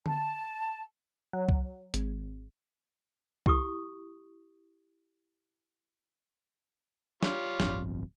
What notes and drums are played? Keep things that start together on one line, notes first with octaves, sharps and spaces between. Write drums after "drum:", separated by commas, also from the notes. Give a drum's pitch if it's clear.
A5, drum: tom D3
F#3
drum: kick C2
G#1, drum: hi-hat
E4 G4 C#6 D#6, drum: kick C2
G3 F4 C#5, drum: snare
D1 G1 F2, drum: snare